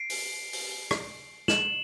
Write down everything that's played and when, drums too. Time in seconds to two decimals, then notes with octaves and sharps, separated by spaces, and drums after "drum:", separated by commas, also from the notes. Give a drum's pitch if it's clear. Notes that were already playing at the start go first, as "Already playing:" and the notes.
Already playing: C7 D7
0.10 drum: open hi-hat
0.53 drum: open hi-hat
0.91 drum: rim click
1.48 E7 F#7, drum: snare